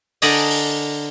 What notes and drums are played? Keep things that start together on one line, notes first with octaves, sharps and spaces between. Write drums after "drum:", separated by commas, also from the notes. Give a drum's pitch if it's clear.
D3 A#4 D5 D#5 G#5, drum: open hi-hat
drum: open hi-hat